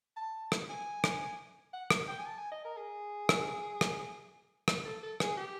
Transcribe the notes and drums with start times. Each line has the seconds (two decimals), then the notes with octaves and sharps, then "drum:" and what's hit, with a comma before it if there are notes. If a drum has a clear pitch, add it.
0.17 A5
0.52 drum: rim click
0.70 G#5
1.04 drum: rim click
1.73 F#5
1.90 drum: rim click
2.08 G5
2.19 G#5
2.26 A5
2.38 G#5
2.52 D#5
2.65 A#4
2.77 G#4
3.29 drum: rim click
3.81 drum: rim click
4.68 drum: rim click
4.85 A4
5.03 A4
5.20 G#4, drum: rim click
5.37 G4